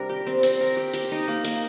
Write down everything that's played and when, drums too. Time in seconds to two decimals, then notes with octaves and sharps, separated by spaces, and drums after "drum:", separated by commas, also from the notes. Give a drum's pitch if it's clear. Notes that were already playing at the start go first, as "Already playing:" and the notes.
Already playing: C3 G3 D4 A#4
0.09 G4
0.27 C4
0.43 C4, drum: hi-hat
0.61 A#4
0.77 G4
0.94 G4, drum: hi-hat
1.12 D#4
1.28 A#3
1.45 A#3, drum: hi-hat